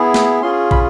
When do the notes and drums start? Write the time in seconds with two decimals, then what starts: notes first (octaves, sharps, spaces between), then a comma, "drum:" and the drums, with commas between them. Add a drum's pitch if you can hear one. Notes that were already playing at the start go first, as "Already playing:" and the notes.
Already playing: B3 E4 G#4
0.14 drum: snare
0.42 C#4 F4 G#4 C6
0.71 B5, drum: kick